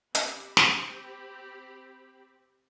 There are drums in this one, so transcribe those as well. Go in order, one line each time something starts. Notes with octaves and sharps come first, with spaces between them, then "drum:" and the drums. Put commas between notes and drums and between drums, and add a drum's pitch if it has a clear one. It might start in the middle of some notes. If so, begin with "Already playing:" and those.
C4 G4 B5, drum: hi-hat
drum: snare